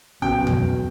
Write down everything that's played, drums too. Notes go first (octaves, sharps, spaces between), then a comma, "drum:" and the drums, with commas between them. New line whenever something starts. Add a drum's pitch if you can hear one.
B1 B2 C#4 G5, drum: kick
drum: tom E2